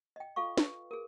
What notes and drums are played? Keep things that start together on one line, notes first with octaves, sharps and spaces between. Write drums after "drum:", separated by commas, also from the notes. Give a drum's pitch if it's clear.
D#5 G5
F4 A4 F5 C#6
B4, drum: snare
G#4 A#4